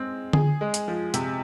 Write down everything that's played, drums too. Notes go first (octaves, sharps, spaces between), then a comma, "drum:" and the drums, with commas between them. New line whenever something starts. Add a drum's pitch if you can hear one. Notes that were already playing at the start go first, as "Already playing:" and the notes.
Already playing: G#3 C4
G#4, drum: tom D3
G#3
drum: hi-hat
F3
C3, drum: hi-hat